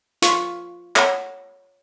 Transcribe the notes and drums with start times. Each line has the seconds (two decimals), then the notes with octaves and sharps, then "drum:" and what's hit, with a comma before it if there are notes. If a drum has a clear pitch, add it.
0.22 F4 C#6, drum: hi-hat
0.96 C#5 F#5, drum: clap